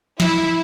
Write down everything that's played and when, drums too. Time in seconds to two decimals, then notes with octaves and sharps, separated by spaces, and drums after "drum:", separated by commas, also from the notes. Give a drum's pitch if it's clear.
0.20 E4, drum: snare